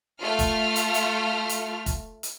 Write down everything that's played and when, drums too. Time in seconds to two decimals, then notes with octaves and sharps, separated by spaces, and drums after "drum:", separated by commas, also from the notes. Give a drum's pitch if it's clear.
0.20 A3 F4 F6
0.39 drum: kick F1, hi-hat
0.76 drum: hi-hat
0.94 drum: hi-hat
1.49 drum: hi-hat
1.86 drum: kick F1, hi-hat
2.23 drum: hi-hat